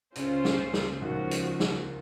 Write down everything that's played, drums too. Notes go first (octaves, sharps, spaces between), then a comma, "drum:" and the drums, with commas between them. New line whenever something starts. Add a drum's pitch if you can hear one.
C#2 C#3 C#4 F4 C5, drum: hi-hat
drum: snare
C#2 C#3
drum: snare
C#3
D#2 D#3 F3 G#3 C#4 F#4
drum: hi-hat
drum: snare